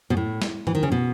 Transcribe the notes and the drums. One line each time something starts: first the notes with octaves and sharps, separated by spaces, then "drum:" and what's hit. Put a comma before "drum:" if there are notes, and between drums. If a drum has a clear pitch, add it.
B2
A2
drum: snare
E3, drum: tom G2
D#3
C#3
B2